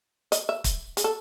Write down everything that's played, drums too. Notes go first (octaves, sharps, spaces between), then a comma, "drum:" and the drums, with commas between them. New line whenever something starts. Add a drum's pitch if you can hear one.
D#5, drum: hi-hat
E5
drum: kick, hi-hat
G#4, drum: hi-hat
A4